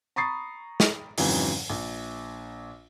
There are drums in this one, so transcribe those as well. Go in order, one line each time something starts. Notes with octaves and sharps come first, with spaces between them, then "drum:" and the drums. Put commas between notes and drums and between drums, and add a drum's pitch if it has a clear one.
A#5 B5 C#6 D#6 A6 C7
drum: snare
F2 G#2 C#3 E3 F#3, drum: open hi-hat
A#1